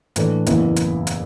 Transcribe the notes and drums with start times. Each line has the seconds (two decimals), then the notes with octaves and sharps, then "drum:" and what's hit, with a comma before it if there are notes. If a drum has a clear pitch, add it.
0.16 A2 E3 A3 D4, drum: hi-hat
0.46 F#1 E2 E3 B3 E4, drum: hi-hat
0.76 drum: hi-hat
1.07 drum: hi-hat